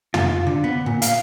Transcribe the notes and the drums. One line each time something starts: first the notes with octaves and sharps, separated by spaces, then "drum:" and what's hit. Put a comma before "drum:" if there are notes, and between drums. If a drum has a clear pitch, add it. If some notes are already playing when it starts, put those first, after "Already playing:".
F4, drum: tom
D3
B3
A#2
F5, drum: hi-hat